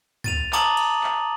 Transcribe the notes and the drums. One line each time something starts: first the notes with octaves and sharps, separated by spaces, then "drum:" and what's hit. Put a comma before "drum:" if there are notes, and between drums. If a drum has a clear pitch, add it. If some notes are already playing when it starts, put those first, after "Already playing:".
A6 D#7 F7, drum: tom
A5 A#5 D6 D#6 A6 F#7, drum: clap
drum: cymbal
drum: clap